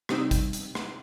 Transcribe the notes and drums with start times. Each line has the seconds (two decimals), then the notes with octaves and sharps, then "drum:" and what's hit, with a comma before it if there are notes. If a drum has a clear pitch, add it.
0.09 C3 G3 C4 D#4 G5 E6, drum: rim click
0.31 drum: kick, hi-hat
0.53 drum: hi-hat
0.75 drum: rim click